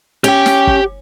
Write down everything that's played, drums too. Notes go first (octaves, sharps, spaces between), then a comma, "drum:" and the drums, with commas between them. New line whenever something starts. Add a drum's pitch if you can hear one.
C#4 G4 G5
drum: snare
drum: kick G1